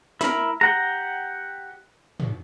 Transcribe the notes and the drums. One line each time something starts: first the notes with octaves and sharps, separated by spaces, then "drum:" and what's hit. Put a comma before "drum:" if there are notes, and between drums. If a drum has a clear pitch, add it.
E4 A#4, drum: snare
G4 F#5 A#5, drum: rim click
drum: tom